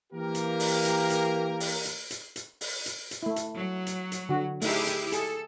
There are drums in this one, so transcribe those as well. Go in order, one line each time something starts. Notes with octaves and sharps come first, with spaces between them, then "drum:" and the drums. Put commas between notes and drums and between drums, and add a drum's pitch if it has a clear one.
E3 A#3 G4 A#4
drum: hi-hat
drum: open hi-hat
drum: hi-hat
drum: hi-hat
drum: open hi-hat
drum: hi-hat
drum: hi-hat
drum: hi-hat
drum: open hi-hat
drum: hi-hat
drum: hi-hat
A3 E4
drum: hi-hat
F#3
drum: hi-hat
drum: hi-hat
D3 F#4
A3 D#4 E4 G4 G#4, drum: open hi-hat
drum: hi-hat
G#4 A4, drum: hi-hat